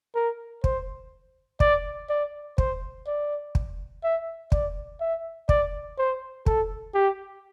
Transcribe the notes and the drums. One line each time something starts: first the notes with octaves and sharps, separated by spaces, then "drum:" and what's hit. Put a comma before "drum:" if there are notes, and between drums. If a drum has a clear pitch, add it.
A#4
C5, drum: kick
D5, drum: kick
D5
C5, drum: kick
D5
drum: kick
E5
D5, drum: kick
E5
D5, drum: kick
C5
A4, drum: kick
G4